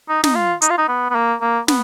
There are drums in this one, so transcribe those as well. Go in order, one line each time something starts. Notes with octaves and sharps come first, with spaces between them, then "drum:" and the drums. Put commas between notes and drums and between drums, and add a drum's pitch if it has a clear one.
D#4
D#4, drum: snare
F4
D#4, drum: hi-hat
F4
D#4
B3
B3
A#3
A#3
B3, drum: snare